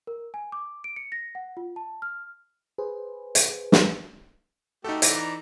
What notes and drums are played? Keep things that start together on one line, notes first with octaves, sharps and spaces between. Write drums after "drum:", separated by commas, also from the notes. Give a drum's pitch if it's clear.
A#4
G#5
D6
D7
C#7
A#6
F#5
F4
A5
F6
G#4 B4 C5
drum: hi-hat
drum: snare
A3 D#4 F#4 G4 A4
E3 D5 A#5, drum: hi-hat